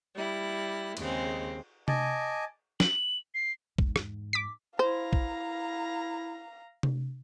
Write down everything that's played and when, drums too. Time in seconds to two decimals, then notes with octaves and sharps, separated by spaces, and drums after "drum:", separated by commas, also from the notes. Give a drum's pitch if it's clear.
0.14 G3 E4 F#6
0.97 D#2 C#3 G#3 C4, drum: cymbal
1.88 D#5 G#5 A5 D6, drum: tom C3
2.80 F#7, drum: snare
3.34 C7
3.78 E2 G#2, drum: kick
3.96 drum: rim click
4.33 D6 B6
4.79 E4 C5 F5 A#5
5.13 drum: kick
6.83 drum: tom C3